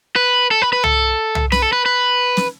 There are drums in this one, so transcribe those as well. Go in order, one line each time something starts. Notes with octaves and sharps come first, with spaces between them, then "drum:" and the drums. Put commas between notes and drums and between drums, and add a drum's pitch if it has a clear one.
B4
A4
B4
B4
A4, drum: tom
drum: tom
B4, drum: snare
A4
B4
B4
drum: snare